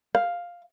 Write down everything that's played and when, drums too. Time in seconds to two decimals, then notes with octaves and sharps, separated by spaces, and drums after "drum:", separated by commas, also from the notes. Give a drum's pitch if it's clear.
0.15 F5, drum: rim click